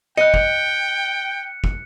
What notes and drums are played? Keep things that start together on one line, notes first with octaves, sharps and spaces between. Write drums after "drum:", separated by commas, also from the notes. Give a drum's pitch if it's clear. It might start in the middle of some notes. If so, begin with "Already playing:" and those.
D#5 G5 F#6 C#7
drum: kick
drum: kick